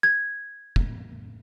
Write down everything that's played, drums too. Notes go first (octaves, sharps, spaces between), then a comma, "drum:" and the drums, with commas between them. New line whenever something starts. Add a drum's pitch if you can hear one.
G#6
drum: kick